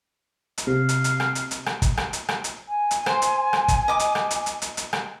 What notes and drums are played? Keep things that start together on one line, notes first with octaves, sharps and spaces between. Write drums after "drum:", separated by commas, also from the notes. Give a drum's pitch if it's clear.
drum: hi-hat
C3 F5
drum: hi-hat
drum: hi-hat
drum: rim click
drum: hi-hat
drum: hi-hat
drum: rim click
drum: kick, hi-hat
drum: rim click
drum: hi-hat
drum: rim click
drum: hi-hat
G#5
drum: hi-hat
C5, drum: rim click
drum: hi-hat
drum: rim click
drum: kick, hi-hat
D#5 D6
drum: hi-hat
drum: rim click
drum: hi-hat
drum: hi-hat
drum: hi-hat
drum: hi-hat
drum: rim click